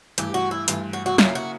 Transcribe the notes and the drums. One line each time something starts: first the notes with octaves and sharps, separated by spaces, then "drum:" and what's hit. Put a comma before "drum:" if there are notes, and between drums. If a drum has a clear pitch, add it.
G2 E3 A3 G4, drum: hi-hat
F#4
E4
G2 E3 A3 F4, drum: hi-hat
F#4
F#4
C#3 F#3 A#3 C#4 E4 F4, drum: snare
F#4